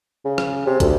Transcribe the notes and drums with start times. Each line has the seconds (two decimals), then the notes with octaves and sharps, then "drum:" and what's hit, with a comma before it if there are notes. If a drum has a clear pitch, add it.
0.25 C#3
0.38 drum: rim click
0.67 C3
0.80 D2, drum: kick, hi-hat